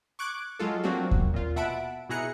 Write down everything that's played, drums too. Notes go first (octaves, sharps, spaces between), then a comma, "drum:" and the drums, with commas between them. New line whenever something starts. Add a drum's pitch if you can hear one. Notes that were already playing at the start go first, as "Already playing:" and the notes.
C#6 D6 F#6 G#6 D7
F#3 G#3 F4 A4
F#3 A#3 C4 D4 F#4
drum: kick D#2
A#2 F4
B2 E5 F#5 A5 B5 D7
B2 E4 G#4 A#5 F#6 C#7